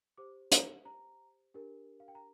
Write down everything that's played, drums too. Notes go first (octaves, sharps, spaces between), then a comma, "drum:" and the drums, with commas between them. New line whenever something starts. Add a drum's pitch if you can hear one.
G4 C5 D6
A#5, drum: hi-hat
A#5
D4 G4 A#4
F5
G5
A#5